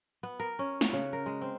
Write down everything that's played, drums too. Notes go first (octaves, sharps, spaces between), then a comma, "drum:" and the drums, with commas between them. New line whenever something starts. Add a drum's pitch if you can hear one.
B3
A#4
C#4
F#5, drum: snare
C#3
A#4
G#3
C4